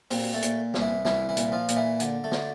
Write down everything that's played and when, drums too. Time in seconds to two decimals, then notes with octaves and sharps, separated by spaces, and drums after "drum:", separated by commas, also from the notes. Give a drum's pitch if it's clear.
0.11 A#2 C4 C5, drum: open hi-hat
0.34 A3 A4
0.42 A#2, drum: hi-hat
0.74 C2, drum: snare
0.81 E3 E4
1.05 C2 E3 E4, drum: snare
1.29 E3 E4
1.37 A#2, drum: hi-hat
1.52 F3 F4
1.68 A#2, drum: hi-hat
1.76 E3 E4
2.00 D3, drum: hi-hat
2.24 A3 A4
2.32 D3, drum: snare